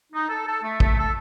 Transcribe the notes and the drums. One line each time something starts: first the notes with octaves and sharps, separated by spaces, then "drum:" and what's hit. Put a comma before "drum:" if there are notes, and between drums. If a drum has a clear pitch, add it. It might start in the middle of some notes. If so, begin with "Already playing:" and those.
D#4
A4
A4
A3
A3, drum: kick
A4